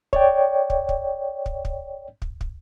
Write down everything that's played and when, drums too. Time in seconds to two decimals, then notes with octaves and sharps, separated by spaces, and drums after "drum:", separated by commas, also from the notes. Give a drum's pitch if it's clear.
0.13 C#5 D5 G5, drum: kick
0.70 drum: kick
0.89 drum: kick
1.46 drum: kick
1.65 drum: kick
2.22 drum: kick
2.41 drum: kick